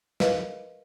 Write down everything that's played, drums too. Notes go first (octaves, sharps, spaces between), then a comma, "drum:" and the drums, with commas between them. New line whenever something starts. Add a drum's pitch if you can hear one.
A#4 B4 D#5 F5, drum: snare